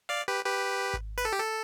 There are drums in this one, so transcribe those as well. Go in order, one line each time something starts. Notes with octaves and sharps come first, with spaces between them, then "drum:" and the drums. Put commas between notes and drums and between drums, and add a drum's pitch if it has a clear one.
D5 F5
G4 B4
G4 B4
drum: kick G#1
B4, drum: open hi-hat
A4
G4
A4